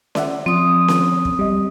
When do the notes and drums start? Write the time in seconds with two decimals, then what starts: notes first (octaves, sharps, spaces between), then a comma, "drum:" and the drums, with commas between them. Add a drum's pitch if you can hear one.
0.15 D5 E5 F#5, drum: snare C#4
0.46 F3 C4 D#6
0.88 drum: snare C#4
1.25 drum: kick
1.39 G3 D#5